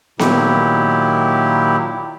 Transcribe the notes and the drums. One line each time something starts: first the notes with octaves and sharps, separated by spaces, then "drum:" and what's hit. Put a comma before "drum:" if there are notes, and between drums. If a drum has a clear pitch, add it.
A#2 D#3 F#3 E4 G4, drum: snare B3